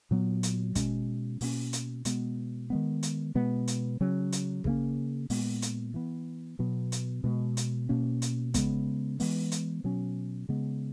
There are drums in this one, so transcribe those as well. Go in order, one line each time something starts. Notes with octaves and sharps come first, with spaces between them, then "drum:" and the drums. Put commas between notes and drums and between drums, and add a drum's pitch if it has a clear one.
A#2 F#3 B3
drum: hi-hat
B2 G#3 C#4, drum: kick, hi-hat
B2 A#3 C#4, drum: open hi-hat
drum: hi-hat
B2 G#3 B3, drum: hi-hat
D#3 G#3 B3
drum: hi-hat
B2 G#3 B3
drum: hi-hat
C#3 F#3 C#4
drum: hi-hat
C#3 E3 A#3 C#4, drum: kick
A#2 G#3 B3, drum: open hi-hat
drum: hi-hat
E3 B3
B2 F#3 B3
drum: hi-hat
B2 G#3 B3
drum: hi-hat
B2 A#3 C#4
drum: hi-hat
C#3 G#3 B3, drum: kick, hi-hat
E3 G#3 B3, drum: open hi-hat
drum: hi-hat
B2 F#3 C#4
C#3 G#3 B3